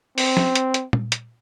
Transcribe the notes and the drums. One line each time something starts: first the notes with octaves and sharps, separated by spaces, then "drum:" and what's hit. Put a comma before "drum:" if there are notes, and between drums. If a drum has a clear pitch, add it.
C4, drum: open hi-hat
drum: snare
drum: hi-hat
drum: hi-hat
drum: tom A#2
drum: hi-hat